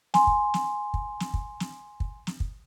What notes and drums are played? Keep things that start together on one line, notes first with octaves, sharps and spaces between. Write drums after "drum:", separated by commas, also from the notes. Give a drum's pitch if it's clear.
G#5 C6, drum: snare
drum: kick
drum: snare
drum: kick
drum: snare
drum: kick
drum: snare
drum: kick
drum: snare
drum: kick